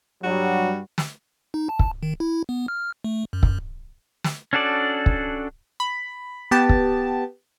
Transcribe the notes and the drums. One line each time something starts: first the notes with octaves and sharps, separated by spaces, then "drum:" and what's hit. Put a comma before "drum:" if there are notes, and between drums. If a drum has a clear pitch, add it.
G2 F#3 G3 F#4
drum: snare
D#4
A5
drum: kick
D#3
E4
B3
F6
A3
F#2
drum: kick
drum: snare
C#4 D4 F#4 A4 D5
drum: kick
B5
B3 G4 A5
drum: kick